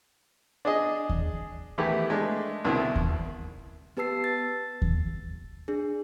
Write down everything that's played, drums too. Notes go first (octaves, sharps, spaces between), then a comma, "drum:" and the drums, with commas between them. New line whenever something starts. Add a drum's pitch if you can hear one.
D4 G#4 D#5
drum: kick D#2
D#3 E3 A3 B3 E4 G4
G#3 A3 D4
C2 B2 D3 D#3 E4
drum: kick D#2
B3 G4 B4 A5 E6 C7
A6
drum: kick D#2
D4 G#4